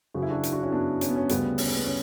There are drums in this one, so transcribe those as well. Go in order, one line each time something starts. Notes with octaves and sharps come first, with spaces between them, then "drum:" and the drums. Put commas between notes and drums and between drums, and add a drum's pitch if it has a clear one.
F#1 F#2 C#3 F#4
E4
D4 F#4
drum: hi-hat
D4 F#4
C#4 E4
B3 D4
C#4, drum: hi-hat
B3
C#4
D2 C#3 G3 B3, drum: hi-hat
C#4, drum: open hi-hat
B3
C#4